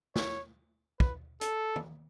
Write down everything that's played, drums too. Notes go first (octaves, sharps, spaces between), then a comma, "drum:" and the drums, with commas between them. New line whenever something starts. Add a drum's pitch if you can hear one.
C#5, drum: snare
B4, drum: kick
A4, drum: hi-hat
drum: tom